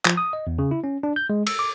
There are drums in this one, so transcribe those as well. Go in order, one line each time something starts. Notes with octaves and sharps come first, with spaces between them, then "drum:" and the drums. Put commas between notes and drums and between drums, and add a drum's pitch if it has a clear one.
F3, drum: clap
D#6
D#5
E2
C#3
E4
C#4
D4
G6
G#3
E6, drum: cymbal
D6